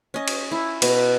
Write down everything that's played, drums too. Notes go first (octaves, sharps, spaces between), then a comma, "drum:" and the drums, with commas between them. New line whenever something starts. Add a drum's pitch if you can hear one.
C#4 D#5
drum: cymbal
E4
B2, drum: cymbal